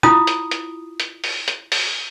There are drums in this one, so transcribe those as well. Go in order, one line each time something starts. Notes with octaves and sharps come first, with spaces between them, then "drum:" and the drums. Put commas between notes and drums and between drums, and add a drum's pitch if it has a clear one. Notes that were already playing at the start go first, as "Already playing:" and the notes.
E4 F4 D#6, drum: rim click
drum: hi-hat
drum: hi-hat
drum: hi-hat
drum: open hi-hat
drum: hi-hat
drum: open hi-hat